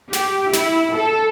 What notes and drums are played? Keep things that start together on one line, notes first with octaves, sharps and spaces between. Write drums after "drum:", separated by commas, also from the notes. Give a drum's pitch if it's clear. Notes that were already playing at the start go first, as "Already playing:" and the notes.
G4, drum: snare
E4, drum: snare
A4